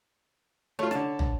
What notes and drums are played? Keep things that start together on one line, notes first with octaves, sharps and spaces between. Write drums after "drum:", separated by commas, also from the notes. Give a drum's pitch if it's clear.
A3 F4 C#5
D3 A5, drum: rim click
drum: tom